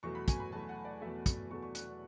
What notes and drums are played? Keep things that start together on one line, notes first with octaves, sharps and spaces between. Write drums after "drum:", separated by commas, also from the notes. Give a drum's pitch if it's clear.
E2 B2 F#3 A3 C#6
B5
G#5, drum: kick, hi-hat
B5
E2 B2 F#3 A3 A5
F#5
D5
E2 B2 F#3 A3 E5
drum: kick, hi-hat
E2 B2 F#3 A3 C#6
C#6
F#6, drum: hi-hat